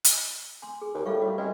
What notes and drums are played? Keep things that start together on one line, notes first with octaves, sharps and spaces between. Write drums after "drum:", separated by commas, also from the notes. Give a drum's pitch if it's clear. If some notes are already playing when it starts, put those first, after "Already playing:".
drum: hi-hat
G#5 C6
G#4
D#2
A2 G3 A4 F5 C#6
A2 F#4
G#3 C#4 B4 D5